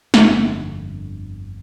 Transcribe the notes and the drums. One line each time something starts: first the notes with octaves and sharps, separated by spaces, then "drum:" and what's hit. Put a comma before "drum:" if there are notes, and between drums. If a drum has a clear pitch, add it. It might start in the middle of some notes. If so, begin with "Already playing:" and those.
G1 F2 D3 G3, drum: snare